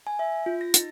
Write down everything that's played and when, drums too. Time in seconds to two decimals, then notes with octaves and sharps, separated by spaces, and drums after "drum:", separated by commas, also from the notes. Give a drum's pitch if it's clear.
0.07 G#5
0.19 E5
0.46 F4
0.61 A#6
0.74 D#4, drum: hi-hat